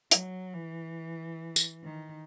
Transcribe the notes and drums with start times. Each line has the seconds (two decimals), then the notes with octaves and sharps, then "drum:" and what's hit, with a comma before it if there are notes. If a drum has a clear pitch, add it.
0.11 F#3, drum: hi-hat
0.54 E3
1.56 drum: tambourine
1.84 D#3